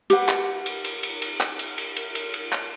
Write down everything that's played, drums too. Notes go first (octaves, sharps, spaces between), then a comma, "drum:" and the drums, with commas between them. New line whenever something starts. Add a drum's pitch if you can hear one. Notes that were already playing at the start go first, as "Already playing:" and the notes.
G4 B4 F#5, drum: cymbal
drum: clap
drum: cymbal
drum: cymbal
drum: cymbal
drum: cymbal
drum: clap
drum: cymbal
drum: cymbal
drum: cymbal
drum: cymbal
drum: cymbal
drum: clap